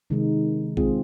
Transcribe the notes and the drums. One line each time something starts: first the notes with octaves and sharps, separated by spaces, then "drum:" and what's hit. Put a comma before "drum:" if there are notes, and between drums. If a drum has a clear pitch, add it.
C3 D#3 G#3 D#4
G#3 C4 F4 G#4, drum: kick A1